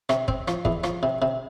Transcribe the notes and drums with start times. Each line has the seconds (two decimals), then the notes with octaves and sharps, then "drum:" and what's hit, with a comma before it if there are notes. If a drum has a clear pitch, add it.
0.09 C3, drum: rim click
0.28 C4, drum: kick
0.48 F3, drum: rim click
0.65 E2, drum: kick
0.84 F3, drum: rim click
1.03 C3
1.22 C3